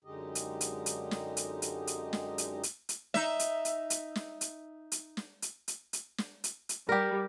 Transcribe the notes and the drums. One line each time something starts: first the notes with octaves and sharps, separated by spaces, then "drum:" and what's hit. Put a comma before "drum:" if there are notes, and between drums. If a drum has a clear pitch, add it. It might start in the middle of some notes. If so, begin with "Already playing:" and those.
F#2 D3 G#3 D#4 G4 D#5
drum: hi-hat
drum: hi-hat
drum: hi-hat
drum: snare
drum: hi-hat
drum: hi-hat
drum: hi-hat
drum: snare
drum: hi-hat
drum: hi-hat
drum: hi-hat
D#4 E5, drum: snare
drum: hi-hat
drum: hi-hat
drum: hi-hat
drum: snare
drum: hi-hat
drum: hi-hat
drum: snare
drum: hi-hat
drum: hi-hat
drum: hi-hat
drum: snare
drum: hi-hat
drum: hi-hat
G3 G4 A#4